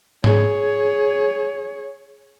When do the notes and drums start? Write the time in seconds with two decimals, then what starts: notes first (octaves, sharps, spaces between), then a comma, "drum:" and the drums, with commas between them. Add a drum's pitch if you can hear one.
0.24 G#4 C#5, drum: tom G#2